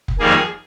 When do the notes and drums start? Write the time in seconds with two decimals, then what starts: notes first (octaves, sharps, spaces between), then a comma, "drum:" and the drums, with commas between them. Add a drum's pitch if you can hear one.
0.08 drum: kick
0.19 F2 D#3 G3 A#3 G#4